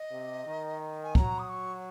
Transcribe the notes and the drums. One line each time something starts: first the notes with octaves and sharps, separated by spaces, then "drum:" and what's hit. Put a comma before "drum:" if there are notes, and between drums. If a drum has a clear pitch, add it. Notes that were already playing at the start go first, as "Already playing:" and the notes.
Already playing: D#5
C3
D#3
G#5
F#3 A#5, drum: kick
D#6
C#6